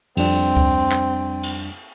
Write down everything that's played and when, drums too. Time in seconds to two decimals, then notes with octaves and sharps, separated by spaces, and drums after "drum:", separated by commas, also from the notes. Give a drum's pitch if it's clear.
0.17 F2 G3 C4 D4, drum: cymbal
0.57 drum: kick D2
0.91 drum: clap
1.43 drum: cymbal